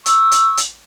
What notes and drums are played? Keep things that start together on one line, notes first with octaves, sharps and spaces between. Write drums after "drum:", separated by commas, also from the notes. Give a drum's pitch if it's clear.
C#6 E6, drum: hi-hat
drum: hi-hat
drum: hi-hat